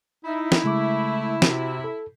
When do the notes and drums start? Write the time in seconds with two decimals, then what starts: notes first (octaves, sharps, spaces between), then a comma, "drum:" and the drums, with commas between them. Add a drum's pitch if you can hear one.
0.25 D#4 E4
0.52 drum: snare
0.64 C#3 G#3 A3 D6
1.42 C3 F#4, drum: snare
1.84 A4